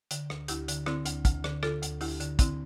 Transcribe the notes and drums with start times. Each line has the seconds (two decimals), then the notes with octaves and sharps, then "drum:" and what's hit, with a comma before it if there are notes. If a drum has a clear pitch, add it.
0.11 D3, drum: hi-hat
0.30 D2, drum: rim click
0.48 D2 E4 G4, drum: hi-hat
0.68 D3, drum: hi-hat
0.86 D3 C4 E4, drum: rim click
1.06 D2, drum: hi-hat
1.25 D2, drum: kick, hi-hat
1.44 D3, drum: rim click
1.63 D3 F4 A4, drum: rim click
1.83 D2, drum: hi-hat
2.01 D2 E4 G4, drum: open hi-hat
2.20 D3, drum: hi-hat
2.39 D3 C4 E4, drum: kick, hi-hat